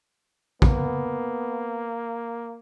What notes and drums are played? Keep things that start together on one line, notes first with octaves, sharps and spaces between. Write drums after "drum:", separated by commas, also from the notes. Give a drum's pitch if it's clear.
A#3 B3, drum: kick